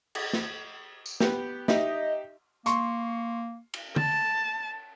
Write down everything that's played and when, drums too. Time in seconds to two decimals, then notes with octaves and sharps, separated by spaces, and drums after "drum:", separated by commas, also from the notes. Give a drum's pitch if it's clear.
0.15 drum: cymbal
0.33 drum: snare
1.06 drum: tambourine
1.20 B3 G4, drum: snare
1.68 D#4 G4 D#5 E5, drum: snare
2.66 A#3 C6 C#6, drum: hi-hat
3.74 drum: cymbal
3.96 A5, drum: tom D3